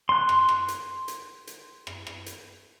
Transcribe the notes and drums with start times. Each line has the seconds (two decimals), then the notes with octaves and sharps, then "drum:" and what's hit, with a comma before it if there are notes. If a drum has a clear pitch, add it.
0.09 C6 F#6
0.29 drum: rim click
0.49 drum: rim click
0.68 drum: hi-hat
1.08 drum: hi-hat
1.47 drum: hi-hat
1.87 drum: rim click
2.07 drum: rim click
2.26 drum: hi-hat